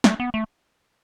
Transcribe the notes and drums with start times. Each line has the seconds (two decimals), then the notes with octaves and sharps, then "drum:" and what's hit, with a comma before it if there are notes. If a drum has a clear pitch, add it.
0.04 A3, drum: snare
0.20 B3
0.34 A3